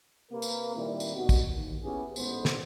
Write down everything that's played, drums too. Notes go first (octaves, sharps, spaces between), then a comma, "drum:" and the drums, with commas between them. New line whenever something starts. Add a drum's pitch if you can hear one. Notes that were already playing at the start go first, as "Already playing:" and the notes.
C3 A#3 A#4 B4
drum: tambourine
A#2 D#3 G3 C4 E4
drum: tambourine
D#2 B2 F#4
drum: kick, tambourine
D#2
B3 C#4 E4 G4 G#4
A1 G#2 A3 B3 C5, drum: tambourine
drum: snare